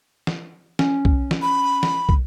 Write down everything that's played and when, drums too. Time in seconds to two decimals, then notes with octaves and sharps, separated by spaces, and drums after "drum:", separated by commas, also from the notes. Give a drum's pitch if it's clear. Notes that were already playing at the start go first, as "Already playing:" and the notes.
0.27 drum: snare
0.79 C#4, drum: snare
1.05 drum: kick
1.31 drum: snare
1.42 B5
1.83 drum: snare
2.09 drum: kick